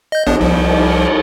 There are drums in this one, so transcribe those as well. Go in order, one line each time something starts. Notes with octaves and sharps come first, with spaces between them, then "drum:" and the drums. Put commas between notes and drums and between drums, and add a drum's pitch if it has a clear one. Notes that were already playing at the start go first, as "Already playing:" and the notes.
D#5 G6
A1 B3 D4, drum: cymbal
C2 F3
drum: cymbal